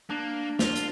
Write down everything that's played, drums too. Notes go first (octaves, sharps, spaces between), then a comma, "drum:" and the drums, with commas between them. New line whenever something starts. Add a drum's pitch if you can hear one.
A#3 D4
F4, drum: snare
drum: hi-hat